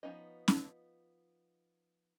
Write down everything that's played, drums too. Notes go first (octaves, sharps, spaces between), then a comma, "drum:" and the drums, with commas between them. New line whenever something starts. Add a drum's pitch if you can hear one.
F3 B3 C#4 D#4 D#5
drum: snare C#4